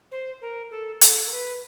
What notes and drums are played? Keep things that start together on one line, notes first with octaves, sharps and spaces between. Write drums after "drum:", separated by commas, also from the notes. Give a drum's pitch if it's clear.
C5
A#4
A4
A4, drum: hi-hat
A#4
B4